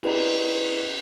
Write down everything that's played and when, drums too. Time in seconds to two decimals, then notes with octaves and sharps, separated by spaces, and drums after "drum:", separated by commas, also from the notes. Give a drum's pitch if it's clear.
0.03 E4 G#4 B4 D5 D#5 A#5, drum: cymbal